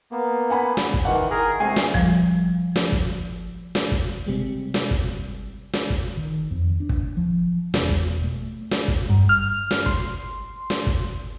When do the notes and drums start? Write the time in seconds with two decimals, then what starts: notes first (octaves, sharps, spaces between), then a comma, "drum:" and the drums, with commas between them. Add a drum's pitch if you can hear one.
0.12 A#3 B3
0.50 F#5 G#5 B5
0.77 drum: snare
0.94 drum: kick
1.05 D#3 E3 F#5
1.31 G#4 A#4 A#5
1.60 C3 G#3 A3 G#5 C7
1.76 drum: snare
1.94 F3 G3, drum: kick
2.76 drum: snare
2.92 drum: kick
3.75 drum: snare
3.91 drum: kick
4.26 C3 G3 G#3
4.74 drum: snare
4.91 drum: kick
5.73 drum: snare
5.90 drum: kick
6.17 D#3
6.51 F2
6.80 D4
6.89 drum: kick
7.17 F3
7.74 E1, drum: snare
7.89 drum: kick
8.24 A3
8.71 drum: snare
8.88 drum: kick
9.10 G2
9.29 F6
9.71 drum: snare
9.86 C6, drum: kick
10.70 drum: snare
10.87 drum: kick